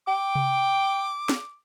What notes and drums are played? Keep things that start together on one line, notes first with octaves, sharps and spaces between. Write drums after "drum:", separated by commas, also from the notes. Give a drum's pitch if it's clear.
G5 D6
drum: tom C3
drum: snare